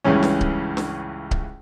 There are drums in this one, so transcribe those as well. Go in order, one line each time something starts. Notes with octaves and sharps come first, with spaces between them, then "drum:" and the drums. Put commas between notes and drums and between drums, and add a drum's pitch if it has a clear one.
C#2 G2 C#3 E3 C#4
drum: snare D4
drum: kick C#1
drum: snare D4
drum: kick C#1